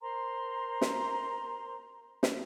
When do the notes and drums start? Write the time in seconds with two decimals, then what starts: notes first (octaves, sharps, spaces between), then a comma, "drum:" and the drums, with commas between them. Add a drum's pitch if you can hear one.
0.01 A#4 C5 A#5 C6
0.81 drum: snare
2.23 drum: snare